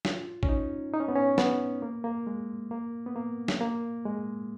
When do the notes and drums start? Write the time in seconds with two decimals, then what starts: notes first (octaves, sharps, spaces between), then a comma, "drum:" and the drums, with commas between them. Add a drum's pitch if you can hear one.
0.05 F4, drum: snare
0.43 C#4, drum: kick
0.49 D#4
0.94 D#4
1.00 C#4
1.08 B3
1.16 C#4
1.38 B3, drum: snare
1.82 A#3
2.04 A#3
2.27 G#3
2.71 A#3
3.06 B3
3.15 A#3
3.48 drum: snare
3.61 A#3
4.05 G#3